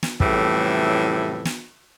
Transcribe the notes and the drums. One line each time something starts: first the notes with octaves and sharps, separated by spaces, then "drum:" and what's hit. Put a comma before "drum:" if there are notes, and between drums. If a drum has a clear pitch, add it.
drum: snare
F2 A2 C#3 E3 G3 A3, drum: kick
drum: snare